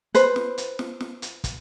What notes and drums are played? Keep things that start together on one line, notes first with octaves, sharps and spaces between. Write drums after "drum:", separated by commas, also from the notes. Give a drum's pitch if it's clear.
B4 C5, drum: hi-hat
drum: snare
drum: hi-hat
drum: snare
drum: snare
drum: hi-hat
drum: kick, hi-hat